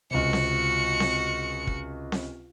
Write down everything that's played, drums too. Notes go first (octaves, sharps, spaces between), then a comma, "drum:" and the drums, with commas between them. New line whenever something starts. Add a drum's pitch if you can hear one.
C#2 C3 F#4 C#7
drum: snare C4
drum: snare C4
drum: kick
drum: snare C4